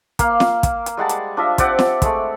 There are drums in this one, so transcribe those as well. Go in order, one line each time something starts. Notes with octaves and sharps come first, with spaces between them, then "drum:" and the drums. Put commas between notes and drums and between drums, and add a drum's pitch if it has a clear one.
A#3 F5, drum: kick, hi-hat
drum: snare
drum: kick, hi-hat
drum: hi-hat
G3 G#3 F#5 A5
drum: hi-hat
D4 F4 D#5 E5
C4 G4 D5 F#5, drum: kick, hi-hat
drum: snare
G#3 A3, drum: kick, hi-hat